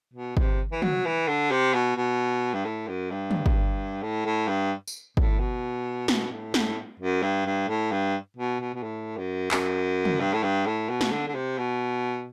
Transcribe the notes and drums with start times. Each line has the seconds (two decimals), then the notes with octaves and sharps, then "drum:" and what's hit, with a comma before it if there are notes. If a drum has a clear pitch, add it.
0.14 B2
0.37 C3, drum: kick
0.72 E3
0.82 F#3, drum: tom
1.06 E3
1.28 D3
1.51 C3
1.74 B2
1.97 B2
2.54 G2
2.65 A2
2.88 F#2
3.11 G2
3.31 drum: tom
3.46 drum: kick
4.02 A2
4.26 A2
4.48 G2
4.87 drum: tambourine
5.17 A2, drum: kick
5.39 B2
6.08 B2, drum: snare
6.31 A2
6.54 A2, drum: snare
7.00 F#2
7.22 G2
7.46 G2
7.68 A2
7.91 G2
8.37 B2
8.60 B2
8.74 B2
8.83 A2
9.17 F#2
9.51 F#2, drum: clap
10.05 drum: tom
10.20 G2
10.33 A2
10.43 G2
10.66 A2
10.89 B2
11.01 drum: snare
11.11 D3
11.27 D3
11.35 C3
11.58 B2